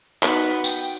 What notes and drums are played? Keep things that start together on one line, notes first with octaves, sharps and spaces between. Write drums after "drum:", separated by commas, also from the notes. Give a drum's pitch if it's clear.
B3 D#4 F#4, drum: clap
G5, drum: tambourine